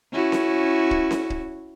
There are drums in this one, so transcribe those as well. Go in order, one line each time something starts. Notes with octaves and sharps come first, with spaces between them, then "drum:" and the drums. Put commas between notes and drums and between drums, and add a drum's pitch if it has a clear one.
C#4 E4 F#4
drum: snare C#4
drum: kick
drum: snare C#4
drum: kick